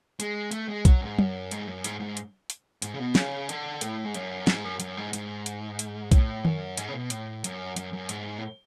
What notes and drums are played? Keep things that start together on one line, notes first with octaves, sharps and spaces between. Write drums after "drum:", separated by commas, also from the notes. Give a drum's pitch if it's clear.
G#3, drum: hi-hat
A3, drum: hi-hat
G#3
F#3, drum: kick B1, hi-hat
G#2
F#2, drum: tom
G#2, drum: hi-hat
F#2
G#2, drum: hi-hat
G#2
drum: hi-hat
drum: hi-hat
G#2, drum: hi-hat
C#3
B2
C#3, drum: snare
D3, drum: hi-hat
A2, drum: hi-hat
G#2
F#2, drum: hi-hat
G#2, drum: snare
F#2
F#2, drum: hi-hat
G#2
G#2, drum: hi-hat
drum: hi-hat
drum: hi-hat
A2, drum: kick B1, hi-hat
F#2, drum: tom D#3
G#2, drum: hi-hat
C#3
B2
A2, drum: hi-hat
F#2, drum: hi-hat
F#2, drum: hi-hat
F#2
G#2, drum: hi-hat
A2